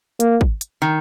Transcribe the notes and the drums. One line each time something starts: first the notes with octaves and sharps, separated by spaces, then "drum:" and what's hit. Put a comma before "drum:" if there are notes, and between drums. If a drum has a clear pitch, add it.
A#3, drum: hi-hat
drum: kick
drum: hi-hat
D#3